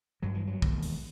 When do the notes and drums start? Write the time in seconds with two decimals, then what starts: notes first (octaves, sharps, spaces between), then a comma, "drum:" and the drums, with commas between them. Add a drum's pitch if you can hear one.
0.22 A1 G2 F#3
0.35 E3
0.47 F#3
0.62 E1 D#2, drum: kick
0.83 drum: open hi-hat